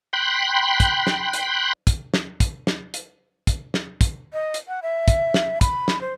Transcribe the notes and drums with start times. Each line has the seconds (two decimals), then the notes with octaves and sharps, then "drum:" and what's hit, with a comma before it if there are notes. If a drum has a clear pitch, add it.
0.13 G5 B5 C6 F#6
0.80 drum: kick, hi-hat
1.07 drum: snare
1.33 drum: hi-hat
1.87 drum: kick, hi-hat
2.14 drum: snare
2.40 drum: kick, hi-hat
2.67 drum: snare
2.94 drum: hi-hat
3.47 drum: kick, hi-hat
3.74 drum: snare
4.01 drum: kick, hi-hat
4.33 D#5
4.54 drum: hi-hat
4.68 F#5
4.82 E5
5.08 drum: kick, hi-hat
5.34 drum: snare
5.61 B5, drum: kick, hi-hat
5.88 drum: snare
6.01 C5